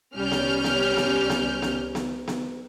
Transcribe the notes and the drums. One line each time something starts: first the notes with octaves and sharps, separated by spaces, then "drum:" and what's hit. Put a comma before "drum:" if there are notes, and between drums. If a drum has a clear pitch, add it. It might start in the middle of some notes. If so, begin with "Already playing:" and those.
C2 G3 C#4 F6 G6
drum: snare B3
drum: snare B3
drum: snare B3
drum: snare B3
drum: snare B3
drum: snare B3
drum: snare B3